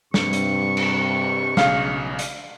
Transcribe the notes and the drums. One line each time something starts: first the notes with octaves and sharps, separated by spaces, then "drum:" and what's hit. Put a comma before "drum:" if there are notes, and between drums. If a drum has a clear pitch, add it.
G2 C3 C#6, drum: snare
drum: hi-hat
drum: cymbal
B1 C#3 F5, drum: snare
drum: hi-hat